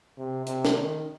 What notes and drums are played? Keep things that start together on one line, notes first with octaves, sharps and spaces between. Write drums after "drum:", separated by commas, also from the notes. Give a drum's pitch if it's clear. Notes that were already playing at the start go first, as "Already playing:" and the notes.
C3
C3, drum: hi-hat
drum: snare
D#3